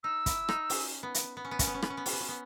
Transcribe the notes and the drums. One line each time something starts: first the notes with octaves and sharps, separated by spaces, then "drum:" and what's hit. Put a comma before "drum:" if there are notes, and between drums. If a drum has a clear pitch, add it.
D#4 E6
E4, drum: kick, hi-hat
D#4, drum: rim click
C#4, drum: open hi-hat
B3
drum: hi-hat
B3
C#4
B3
C#4, drum: kick, hi-hat
B3
C#4
B3, drum: rim click
C#4
B3
C#4, drum: open hi-hat
B3
C#4
B3